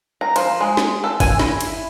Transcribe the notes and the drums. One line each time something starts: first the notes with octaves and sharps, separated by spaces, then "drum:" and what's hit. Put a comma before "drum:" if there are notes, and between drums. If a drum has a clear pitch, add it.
A#5
F3, drum: cymbal
G#3
drum: snare
A4
G#5, drum: kick, cymbal
E4, drum: snare
drum: cymbal